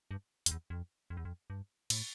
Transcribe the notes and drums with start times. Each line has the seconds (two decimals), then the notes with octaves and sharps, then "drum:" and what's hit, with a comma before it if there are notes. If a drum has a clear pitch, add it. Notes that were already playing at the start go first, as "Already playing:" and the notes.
0.11 G2
0.46 F2, drum: hi-hat
0.51 E2
0.70 F2
1.10 F2
1.17 E2
1.25 F2
1.50 G2
1.90 A2, drum: cymbal